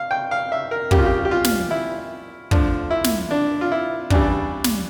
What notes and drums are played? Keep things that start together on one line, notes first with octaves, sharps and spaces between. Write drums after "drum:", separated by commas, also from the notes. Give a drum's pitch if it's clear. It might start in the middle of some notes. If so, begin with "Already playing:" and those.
Already playing: F5
G5
F5
E5
A#4
C#3 G3 A#3 G4, drum: kick
F4
G4
G4
F4
drum: snare
E4
D3 F3 A3 D4, drum: kick
E4
drum: snare
D4
F4
E4
C#3 E3 G3 D4, drum: kick
drum: snare